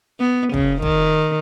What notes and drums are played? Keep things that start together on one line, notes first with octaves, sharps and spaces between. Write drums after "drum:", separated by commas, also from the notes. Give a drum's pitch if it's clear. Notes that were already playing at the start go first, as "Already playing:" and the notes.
B3
C#3, drum: kick
D#3, drum: kick